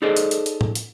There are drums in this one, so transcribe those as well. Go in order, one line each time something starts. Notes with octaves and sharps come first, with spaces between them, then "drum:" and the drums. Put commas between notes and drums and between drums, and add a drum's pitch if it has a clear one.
D#4 G#4 A4 C5 D5 D#5
drum: hi-hat
drum: hi-hat
drum: hi-hat
drum: tom A2
drum: hi-hat